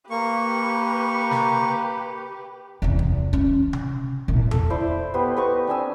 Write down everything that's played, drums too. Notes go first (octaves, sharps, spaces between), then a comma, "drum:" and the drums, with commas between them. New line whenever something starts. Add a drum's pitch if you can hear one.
A#3 G4 B4 C#6
drum: snare
E2 C3
drum: kick
C#4
drum: tom C3
C2 A#2
A4, drum: tom E2
E4 C5 D5 D6
B3 G4 B4 C5
B4 D#5 A#5 C#6
C4 D4 G#5 E6